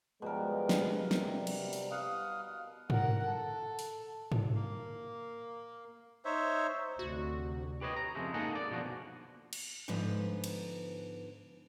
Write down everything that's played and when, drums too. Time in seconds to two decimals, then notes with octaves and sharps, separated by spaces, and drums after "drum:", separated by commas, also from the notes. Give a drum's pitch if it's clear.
0.22 B2 F3 G3 G#3 A#4
0.69 drum: snare
1.11 C3 G3, drum: snare
1.47 drum: cymbal
1.73 drum: open hi-hat
1.92 F5 F#5 D#6
2.90 A#4 F#5, drum: tom G#2
3.26 A4
3.79 drum: open hi-hat
4.32 drum: tom G#2
4.55 A#3
6.25 D#4 C5 C#5 E5
6.99 D2 C3 F#4
7.81 G4 B4 C#5 D#5
7.96 A#5
8.15 F2 C#3 G#3 A3
8.34 A#3 D#4 G#4 A4 D#5 F#5
8.55 D5
8.71 B2 D3 F3 F#4
9.53 drum: cymbal
9.88 G#2 D3 F3 B3 B4
10.44 drum: cymbal